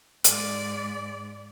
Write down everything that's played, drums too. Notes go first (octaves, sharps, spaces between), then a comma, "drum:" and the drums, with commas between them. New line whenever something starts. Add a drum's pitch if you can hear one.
G#2 D5, drum: hi-hat